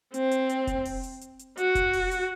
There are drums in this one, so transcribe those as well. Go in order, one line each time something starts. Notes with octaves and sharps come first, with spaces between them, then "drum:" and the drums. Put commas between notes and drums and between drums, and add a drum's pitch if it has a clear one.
C4, drum: hi-hat
drum: hi-hat
drum: hi-hat
drum: kick F1, hi-hat
drum: open hi-hat
drum: hi-hat
drum: hi-hat
drum: hi-hat
F#4, drum: hi-hat
drum: kick F1, hi-hat
drum: open hi-hat
drum: hi-hat